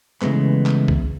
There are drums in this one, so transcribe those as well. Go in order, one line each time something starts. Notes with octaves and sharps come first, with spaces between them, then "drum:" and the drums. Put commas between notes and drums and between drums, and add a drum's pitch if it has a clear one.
C#3 E3 G#3 A3 B3, drum: clap
drum: clap
drum: kick C2